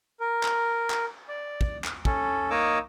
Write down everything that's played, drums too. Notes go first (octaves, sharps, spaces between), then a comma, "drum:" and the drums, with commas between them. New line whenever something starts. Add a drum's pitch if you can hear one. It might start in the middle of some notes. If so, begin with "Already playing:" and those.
A#4
drum: clap
drum: clap
D5
drum: kick
drum: clap
C#4 A4, drum: kick
A#3 D#4 C#5 D#5 D6 E6